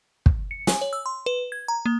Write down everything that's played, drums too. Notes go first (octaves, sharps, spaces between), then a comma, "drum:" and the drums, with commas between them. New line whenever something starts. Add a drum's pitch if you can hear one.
drum: kick
C#7
G#5, drum: snare
C#5
E6
C6
B4
G#6
A#5
A#3